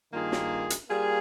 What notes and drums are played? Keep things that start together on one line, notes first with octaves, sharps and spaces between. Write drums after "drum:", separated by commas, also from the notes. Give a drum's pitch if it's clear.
G2 D#3 A#3 F4 G#4
drum: snare
drum: hi-hat
G3 A#3 F4 G#4